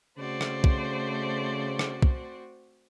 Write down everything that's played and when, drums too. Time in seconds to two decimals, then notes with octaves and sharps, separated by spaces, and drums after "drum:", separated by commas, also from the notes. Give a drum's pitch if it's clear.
0.18 C#3 A3 C4 F#4 C5 D5
0.41 drum: rim click
0.64 drum: kick
1.79 drum: rim click
2.02 drum: kick